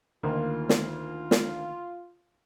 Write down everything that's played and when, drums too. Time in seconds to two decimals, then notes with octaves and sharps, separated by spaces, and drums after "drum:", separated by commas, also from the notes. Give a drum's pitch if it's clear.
0.23 D2 D#3 A#3 F4
0.69 drum: snare
1.31 drum: snare